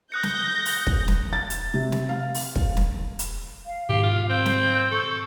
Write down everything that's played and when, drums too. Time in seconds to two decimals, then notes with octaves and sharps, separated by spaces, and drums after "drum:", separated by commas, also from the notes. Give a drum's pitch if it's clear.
0.12 D#6 F#6 G6 A#6 C#7
0.23 drum: snare
0.65 drum: open hi-hat
0.87 drum: kick
1.08 drum: snare
1.33 A6
1.50 drum: hi-hat
1.74 C3
1.92 drum: snare
2.09 F5
2.34 drum: open hi-hat
2.56 drum: kick
2.77 drum: snare
3.19 drum: hi-hat
3.66 F5
3.89 G#2 B2 D#3 G4 F5
4.03 F4
4.29 C4 G6
4.46 drum: snare
4.91 A4 C#6